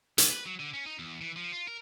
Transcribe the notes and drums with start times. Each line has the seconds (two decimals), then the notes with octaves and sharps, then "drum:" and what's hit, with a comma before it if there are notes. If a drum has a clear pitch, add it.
0.18 C2, drum: hi-hat
0.31 B4
0.46 F#3
0.60 D3
0.74 C#4
0.86 D#4
0.99 E2
1.21 E3
1.36 F3
1.52 F4
1.68 A#4